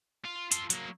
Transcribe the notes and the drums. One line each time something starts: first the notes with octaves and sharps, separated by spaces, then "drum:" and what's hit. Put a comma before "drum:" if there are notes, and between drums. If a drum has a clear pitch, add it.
F4
F4 A4, drum: hi-hat
F#3 A#3, drum: hi-hat